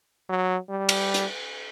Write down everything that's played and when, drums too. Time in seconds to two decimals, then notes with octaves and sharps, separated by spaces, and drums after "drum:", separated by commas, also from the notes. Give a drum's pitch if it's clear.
0.29 F#3
0.69 G3
0.89 drum: cymbal
1.14 drum: hi-hat